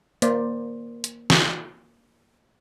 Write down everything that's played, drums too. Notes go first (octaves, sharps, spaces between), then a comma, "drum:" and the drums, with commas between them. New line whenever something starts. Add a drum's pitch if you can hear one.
A#3 C5 D5, drum: hi-hat
drum: hi-hat
drum: snare